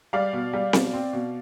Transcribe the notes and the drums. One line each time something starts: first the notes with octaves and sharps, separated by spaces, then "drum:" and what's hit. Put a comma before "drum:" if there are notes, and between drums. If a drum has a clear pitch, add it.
G3 D5 F5
B2
G3
B2, drum: snare C4
C4
B2